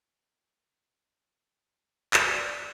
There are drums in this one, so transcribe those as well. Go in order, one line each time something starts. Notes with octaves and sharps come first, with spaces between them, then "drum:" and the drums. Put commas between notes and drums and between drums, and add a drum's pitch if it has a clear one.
D5, drum: clap